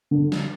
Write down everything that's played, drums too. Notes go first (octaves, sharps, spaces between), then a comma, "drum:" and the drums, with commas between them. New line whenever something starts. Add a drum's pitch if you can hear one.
D3
drum: snare